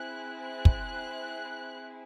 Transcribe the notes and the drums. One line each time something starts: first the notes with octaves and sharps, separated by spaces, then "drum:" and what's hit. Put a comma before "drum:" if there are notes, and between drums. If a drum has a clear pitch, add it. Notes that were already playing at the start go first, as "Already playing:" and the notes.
Already playing: C4 E4 G#4 F#6
F#6
drum: kick